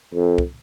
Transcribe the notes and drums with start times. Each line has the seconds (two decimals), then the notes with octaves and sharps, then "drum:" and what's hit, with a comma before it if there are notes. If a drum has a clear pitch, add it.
0.14 F2
0.38 drum: kick